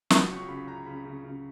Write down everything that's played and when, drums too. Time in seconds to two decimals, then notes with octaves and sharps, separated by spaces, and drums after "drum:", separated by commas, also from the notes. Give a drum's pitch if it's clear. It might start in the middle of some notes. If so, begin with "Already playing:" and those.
0.10 F#3, drum: snare
0.29 C#2 C#6
0.48 C#3 B5
0.67 C#2 A#5
0.86 C#3 B5
1.05 C#3
1.24 C#3